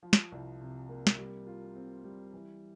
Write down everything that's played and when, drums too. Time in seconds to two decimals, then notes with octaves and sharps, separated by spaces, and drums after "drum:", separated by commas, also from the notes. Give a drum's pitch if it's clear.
0.03 F3
0.13 drum: snare
0.32 C2
0.61 C3
0.89 A#3
1.07 drum: snare
1.18 G3
1.47 F4
1.75 C4
2.04 G3
2.33 E3